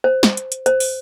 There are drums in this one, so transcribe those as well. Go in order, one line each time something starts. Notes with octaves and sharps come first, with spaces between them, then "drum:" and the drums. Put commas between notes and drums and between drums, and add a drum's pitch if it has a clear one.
C5
drum: snare
drum: hi-hat
drum: hi-hat
C5, drum: hi-hat
drum: open hi-hat